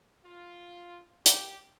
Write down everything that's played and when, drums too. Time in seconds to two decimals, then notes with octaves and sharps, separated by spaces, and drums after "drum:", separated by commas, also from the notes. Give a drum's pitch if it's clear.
0.24 F4
1.26 G4, drum: hi-hat